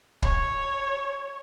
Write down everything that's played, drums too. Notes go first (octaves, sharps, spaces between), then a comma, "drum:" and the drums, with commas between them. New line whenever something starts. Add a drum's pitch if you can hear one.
C#5, drum: kick